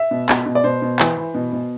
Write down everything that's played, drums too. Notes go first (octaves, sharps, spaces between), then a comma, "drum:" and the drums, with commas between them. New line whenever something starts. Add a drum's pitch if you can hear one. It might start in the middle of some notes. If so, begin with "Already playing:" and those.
Already playing: E5
B2
B2, drum: clap
B2
D5
B2 C5
B2
E3, drum: clap
E3
B2
B2